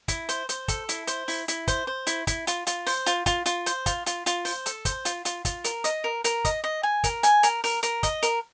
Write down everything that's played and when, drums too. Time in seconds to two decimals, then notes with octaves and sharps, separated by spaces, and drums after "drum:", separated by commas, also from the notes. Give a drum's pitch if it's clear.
0.08 E4, drum: kick, hi-hat
0.29 C5, drum: hi-hat
0.49 C5, drum: hi-hat
0.68 A4, drum: kick, hi-hat
0.89 E4, drum: hi-hat
1.07 C5, drum: hi-hat
1.28 E4, drum: open hi-hat
1.48 E4, drum: hi-hat
1.68 C5, drum: kick, hi-hat
1.87 C5
2.07 E4, drum: hi-hat
2.27 E4, drum: kick, hi-hat
2.47 F4, drum: hi-hat
2.67 F4, drum: hi-hat
2.87 C5, drum: open hi-hat
3.06 F4, drum: hi-hat
3.26 F4, drum: kick, hi-hat
3.46 F4, drum: hi-hat
3.66 C5, drum: hi-hat
3.86 F4, drum: kick, hi-hat
4.06 F4, drum: hi-hat
4.26 F4, drum: hi-hat
4.45 C5, drum: open hi-hat
4.66 A4, drum: hi-hat
4.85 C5, drum: kick, hi-hat
5.05 F4, drum: hi-hat
5.25 F4, drum: hi-hat
5.45 F4, drum: kick, hi-hat
5.64 A#4, drum: hi-hat
5.84 D#5, drum: hi-hat
6.04 A#4
6.24 A#4, drum: hi-hat
6.45 D#5, drum: kick, hi-hat
6.64 D#5
6.83 G#5
7.04 A#4, drum: kick, hi-hat
7.23 G#5, drum: hi-hat
7.43 A#4, drum: hi-hat
7.64 A#4, drum: open hi-hat
7.83 A#4, drum: hi-hat
8.03 D#5, drum: kick, hi-hat
8.23 A#4, drum: hi-hat